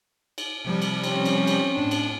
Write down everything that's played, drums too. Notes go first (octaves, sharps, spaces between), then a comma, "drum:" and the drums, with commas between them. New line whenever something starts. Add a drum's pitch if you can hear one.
drum: cymbal
C3 F3 G3
drum: cymbal
C4 C#4, drum: cymbal
drum: cymbal
drum: cymbal
A2 D4
drum: cymbal